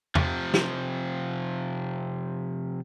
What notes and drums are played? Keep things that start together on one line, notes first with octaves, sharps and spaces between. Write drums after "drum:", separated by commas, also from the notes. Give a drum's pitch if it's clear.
C3 F3, drum: tom
drum: snare